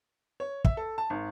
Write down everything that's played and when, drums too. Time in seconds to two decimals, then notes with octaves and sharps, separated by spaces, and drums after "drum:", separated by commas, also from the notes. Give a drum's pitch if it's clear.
0.40 C#5
0.65 E5, drum: kick
0.77 A4
0.98 A5
1.10 G#1